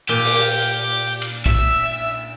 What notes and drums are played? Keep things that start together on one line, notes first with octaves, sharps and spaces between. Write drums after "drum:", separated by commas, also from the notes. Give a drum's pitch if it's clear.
A#2 G4
drum: open hi-hat
drum: cymbal
E5, drum: kick